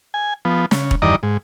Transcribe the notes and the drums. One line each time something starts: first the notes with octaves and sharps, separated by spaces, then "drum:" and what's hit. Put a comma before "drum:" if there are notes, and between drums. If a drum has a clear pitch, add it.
G#5
F3 B3
C#3, drum: snare
drum: kick E1
E2 G2 D#3 D5 D#5 A#5
G#2